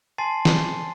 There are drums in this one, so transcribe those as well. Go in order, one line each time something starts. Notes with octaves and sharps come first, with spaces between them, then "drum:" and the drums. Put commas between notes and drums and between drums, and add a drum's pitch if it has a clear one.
G#5 A5 C6 A6 C7 D#7
drum: snare